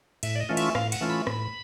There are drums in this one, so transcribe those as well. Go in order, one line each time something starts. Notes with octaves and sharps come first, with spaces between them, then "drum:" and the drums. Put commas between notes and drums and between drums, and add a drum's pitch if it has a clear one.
A2 E5, drum: cymbal
D5
D#5
E3 A3 C#4 F4
E5, drum: cymbal
A2 F5, drum: rim click
F#5, drum: cymbal
E3 A3 C#4 F4
B5
A2 B5, drum: rim click